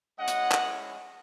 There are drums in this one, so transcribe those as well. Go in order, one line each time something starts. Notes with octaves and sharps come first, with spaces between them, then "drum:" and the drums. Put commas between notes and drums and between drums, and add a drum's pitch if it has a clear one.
G#3 C#4 E4 D#5 F#5
drum: hi-hat
drum: clap